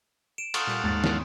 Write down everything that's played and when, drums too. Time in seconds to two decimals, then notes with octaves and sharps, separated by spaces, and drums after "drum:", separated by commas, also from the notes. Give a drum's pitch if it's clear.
0.38 D7 E7
0.54 A4 F5 F#5 C6 C#6 D#6, drum: cymbal
0.67 A#2 G3 F#6
0.84 D#2 G#2 A6
1.04 drum: snare